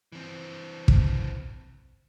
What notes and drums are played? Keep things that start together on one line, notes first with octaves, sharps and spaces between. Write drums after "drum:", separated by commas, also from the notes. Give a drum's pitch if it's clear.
E3 C4
drum: kick